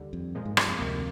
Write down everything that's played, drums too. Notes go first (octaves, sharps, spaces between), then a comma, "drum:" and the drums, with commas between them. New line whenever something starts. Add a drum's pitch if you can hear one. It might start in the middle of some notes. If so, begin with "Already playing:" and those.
Already playing: D#2 D3 G3
F2
A#2 F3 G#3
G#2
G2, drum: rim click
F2
D2 C3 D#3 A#3